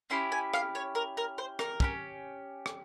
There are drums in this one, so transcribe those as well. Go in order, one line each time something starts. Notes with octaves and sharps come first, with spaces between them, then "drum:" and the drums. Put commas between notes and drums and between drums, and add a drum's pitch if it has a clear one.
C#4 E4 G4 C6
G#5
F5, drum: rim click
C#5
A#4
A#4
C5
A#4, drum: rim click
C#4 E4 G4, drum: kick
drum: rim click